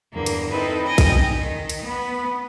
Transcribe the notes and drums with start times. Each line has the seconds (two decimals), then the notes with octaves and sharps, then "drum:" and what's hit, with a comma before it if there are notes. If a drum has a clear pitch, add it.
0.13 E2 G2 D3 A#3
0.26 drum: cymbal
0.50 C4 D#4 E4 A4 B4
0.86 D#4 D#5 G5 G#5
0.98 drum: kick A#1, cymbal
1.34 D#3
1.70 drum: cymbal
1.85 B3 B5